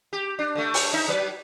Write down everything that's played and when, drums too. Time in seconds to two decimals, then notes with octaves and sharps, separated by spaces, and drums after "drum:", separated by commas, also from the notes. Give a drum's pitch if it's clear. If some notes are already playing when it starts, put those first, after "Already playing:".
0.13 G4
0.39 D4
0.55 D3 A3
0.74 drum: open hi-hat
0.93 D#4 E5
1.08 F#3 G3 B4